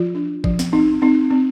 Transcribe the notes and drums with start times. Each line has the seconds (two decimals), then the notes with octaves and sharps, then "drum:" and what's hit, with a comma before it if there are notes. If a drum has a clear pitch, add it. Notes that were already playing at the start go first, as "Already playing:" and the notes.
Already playing: F3 F4
0.15 D4
0.44 F3, drum: kick G#1
0.59 drum: snare
0.73 C4 D#4
1.02 C4 D#4
1.31 C4